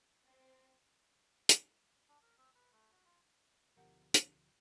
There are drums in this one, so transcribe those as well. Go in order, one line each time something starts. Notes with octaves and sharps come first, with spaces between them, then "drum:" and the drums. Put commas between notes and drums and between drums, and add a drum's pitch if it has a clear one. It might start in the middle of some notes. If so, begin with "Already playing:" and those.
C4
drum: hi-hat
D4
A#4
C4
B4
A3
F#4
F4
D2 B2 F3 G4 A#4 F#5
drum: hi-hat